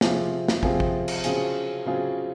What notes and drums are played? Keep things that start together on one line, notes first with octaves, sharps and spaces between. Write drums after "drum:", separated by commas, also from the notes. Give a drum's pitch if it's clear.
C3 F3 C4 F4 G#4, drum: snare
drum: snare
C3 F3 C4 F4 G#4, drum: kick
drum: kick
drum: cymbal
C#3 F#3 C4 F4 G#4, drum: hi-hat
C#3 F#3 C4 F4 G#4